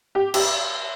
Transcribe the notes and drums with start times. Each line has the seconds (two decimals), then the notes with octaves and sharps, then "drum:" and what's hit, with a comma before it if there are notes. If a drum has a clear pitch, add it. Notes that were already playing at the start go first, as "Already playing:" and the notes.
0.15 G4
0.34 G4, drum: cymbal